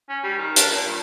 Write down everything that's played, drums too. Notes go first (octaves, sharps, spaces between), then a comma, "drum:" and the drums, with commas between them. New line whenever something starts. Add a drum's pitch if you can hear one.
C#4
G3
D#3
D4, drum: hi-hat
A#2
G2